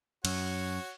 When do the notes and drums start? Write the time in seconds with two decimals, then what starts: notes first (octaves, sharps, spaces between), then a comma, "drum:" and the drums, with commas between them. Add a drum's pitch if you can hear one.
0.25 F#2 F#4 C#5, drum: cymbal